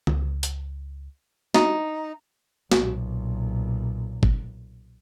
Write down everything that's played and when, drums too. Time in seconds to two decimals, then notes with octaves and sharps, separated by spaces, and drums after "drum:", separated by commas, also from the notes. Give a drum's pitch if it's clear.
0.07 C#2, drum: tom D3
0.43 drum: hi-hat
1.54 D#4, drum: snare
2.72 B1 A#2, drum: snare
4.23 drum: kick